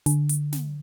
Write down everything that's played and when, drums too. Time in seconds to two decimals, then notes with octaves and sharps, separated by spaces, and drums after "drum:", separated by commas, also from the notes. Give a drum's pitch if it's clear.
0.06 D3, drum: hi-hat
0.29 drum: hi-hat
0.52 drum: snare